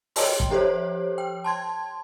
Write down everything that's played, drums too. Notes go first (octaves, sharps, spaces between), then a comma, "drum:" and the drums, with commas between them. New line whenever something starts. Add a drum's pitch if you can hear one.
C#5 D#5 G5 C6, drum: open hi-hat
drum: kick
F3 G4 A4 C5 C#5
G5
A5 C6 G#6